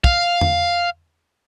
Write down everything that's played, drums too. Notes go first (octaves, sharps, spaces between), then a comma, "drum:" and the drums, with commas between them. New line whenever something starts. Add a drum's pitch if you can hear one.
F5, drum: kick
drum: tom E2